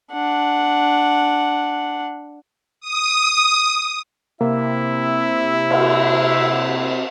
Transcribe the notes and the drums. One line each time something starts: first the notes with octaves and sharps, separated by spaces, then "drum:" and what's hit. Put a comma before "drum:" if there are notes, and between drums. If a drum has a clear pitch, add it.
D4 F#5
D#6
C3 A#3 E4 E5
drum: cymbal